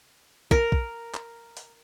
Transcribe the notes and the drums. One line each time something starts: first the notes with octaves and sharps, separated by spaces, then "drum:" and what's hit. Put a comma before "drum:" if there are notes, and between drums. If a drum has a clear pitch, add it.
A#4, drum: kick
drum: kick
drum: clap
drum: open hi-hat